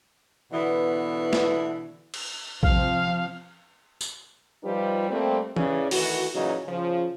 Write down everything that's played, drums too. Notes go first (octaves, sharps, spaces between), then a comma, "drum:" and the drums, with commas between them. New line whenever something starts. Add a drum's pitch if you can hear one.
B2 D3 E3 B3 E4
drum: snare
drum: cymbal
C3 F3 C4 F5, drum: kick A#1
drum: tambourine
F3 G3 D#4 F4 G4 B4
G3 A3 A#3 C4
A2 C#3 E3 C#4 G#4 D5, drum: tom E3
D#3 E3 A3 F#4, drum: open hi-hat
A#2 C#3 E3 F#3 D#4 F#4
C#3 F3